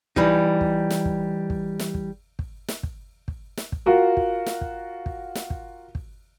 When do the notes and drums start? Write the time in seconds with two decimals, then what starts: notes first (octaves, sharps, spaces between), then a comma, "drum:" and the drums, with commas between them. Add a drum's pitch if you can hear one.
0.16 E3 G3 D#4, drum: kick
0.61 drum: kick
0.90 drum: snare
1.05 drum: kick
1.50 drum: kick
1.79 drum: snare
1.94 drum: kick
2.39 drum: kick
2.68 drum: snare
2.83 drum: kick
3.28 drum: kick
3.57 drum: snare
3.72 drum: kick
3.86 F4 F#4 A#4
4.17 drum: kick
4.46 drum: snare
4.61 drum: kick
5.06 drum: kick
5.35 drum: snare
5.50 drum: kick
5.95 drum: kick